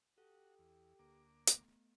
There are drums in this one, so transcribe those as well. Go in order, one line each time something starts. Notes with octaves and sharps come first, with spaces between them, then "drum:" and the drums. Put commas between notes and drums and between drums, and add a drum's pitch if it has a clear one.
F#4 G4 A4
E2
D2 A#3 D6
A3 B3, drum: hi-hat